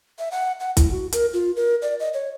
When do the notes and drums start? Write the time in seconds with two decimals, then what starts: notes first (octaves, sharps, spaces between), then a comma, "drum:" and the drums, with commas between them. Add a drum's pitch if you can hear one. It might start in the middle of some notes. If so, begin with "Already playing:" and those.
0.19 E5
0.32 F#5
0.60 F#5
0.77 E4, drum: kick, hi-hat
0.92 F#4
1.12 A#4, drum: hi-hat
1.33 F4
1.56 A#4
1.82 D5
2.00 D#5
2.14 C#5